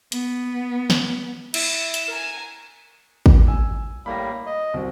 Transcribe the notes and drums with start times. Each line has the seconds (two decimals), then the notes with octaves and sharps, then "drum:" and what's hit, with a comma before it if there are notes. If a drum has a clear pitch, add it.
0.12 B3, drum: hi-hat
0.90 drum: snare
1.54 E4 E7, drum: cymbal
1.94 drum: hi-hat
2.08 A#4 G#5 A#5
3.26 drum: kick
3.47 G#5 E6
4.06 A2 G3 A#3 B5 A#6
4.46 D#5
4.74 C2 C4 F#4